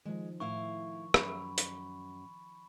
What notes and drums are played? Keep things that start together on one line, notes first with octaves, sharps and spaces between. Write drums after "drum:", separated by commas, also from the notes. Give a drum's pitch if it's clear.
D#3 F3 G#3
A2 E4 F5 C#6
F#2 B5, drum: rim click
drum: hi-hat